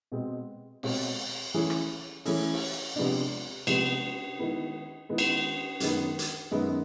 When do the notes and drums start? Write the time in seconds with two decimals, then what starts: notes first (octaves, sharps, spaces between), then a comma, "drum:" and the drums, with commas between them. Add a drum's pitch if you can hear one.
0.12 B2 G#3 C4
0.83 B2 G#3 C4, drum: cymbal
1.54 E3 A3 C#4 E4 G#4
1.70 drum: rim click
2.25 E3 A3 C#4 E4 G#4, drum: open hi-hat
2.53 drum: cymbal
2.96 C3 F3 G#3 B3 D4
3.67 C3 F3 G#3 B3 D4, drum: cymbal
4.38 D#3 G#3 B3 E4
5.09 D#3 G#3 B3 E4
5.18 drum: cymbal
5.80 F#2 D#3 G#3 B3, drum: hi-hat
6.19 drum: hi-hat
6.51 F#2 D#3 G#3 B3